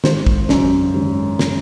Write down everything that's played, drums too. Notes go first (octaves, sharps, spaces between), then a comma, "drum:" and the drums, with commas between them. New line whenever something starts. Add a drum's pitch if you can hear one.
G#1 C5, drum: snare
drum: kick
F#2 C#3, drum: snare
G#1
C#3, drum: snare